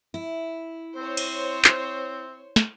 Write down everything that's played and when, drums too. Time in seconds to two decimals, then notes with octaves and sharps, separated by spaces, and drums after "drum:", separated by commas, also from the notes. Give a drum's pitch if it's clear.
0.14 E4
0.97 C4 C5 C#5
1.17 drum: cymbal
1.64 drum: clap
2.56 drum: snare